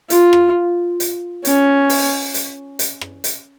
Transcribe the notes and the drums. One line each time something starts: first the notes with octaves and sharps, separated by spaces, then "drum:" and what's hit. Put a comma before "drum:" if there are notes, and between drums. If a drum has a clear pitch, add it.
F4, drum: hi-hat
drum: rim click
drum: hi-hat
C#4, drum: hi-hat
drum: open hi-hat
drum: hi-hat
drum: hi-hat
drum: rim click
drum: hi-hat